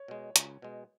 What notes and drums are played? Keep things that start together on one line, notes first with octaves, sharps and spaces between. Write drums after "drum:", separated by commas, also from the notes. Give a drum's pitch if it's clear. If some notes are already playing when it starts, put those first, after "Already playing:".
Already playing: C#5
B2 G#3
C#2, drum: hi-hat
B2 G#3